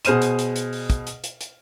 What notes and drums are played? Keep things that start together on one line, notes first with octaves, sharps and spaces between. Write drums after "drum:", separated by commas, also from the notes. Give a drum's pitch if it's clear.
B2 G#4 C5 F6 D#7 E7, drum: hi-hat
drum: hi-hat
drum: hi-hat
drum: hi-hat
drum: open hi-hat
drum: kick, hi-hat
drum: hi-hat
drum: hi-hat
drum: hi-hat